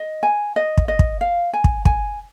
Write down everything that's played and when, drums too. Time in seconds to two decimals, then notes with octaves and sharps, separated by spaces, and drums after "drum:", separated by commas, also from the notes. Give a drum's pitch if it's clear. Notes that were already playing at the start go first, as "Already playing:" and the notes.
Already playing: D#5
0.23 G#5
0.56 D#5
0.77 drum: kick
0.88 D#5
0.99 drum: kick
1.21 F5
1.53 G#5
1.64 drum: kick
1.85 G#5, drum: kick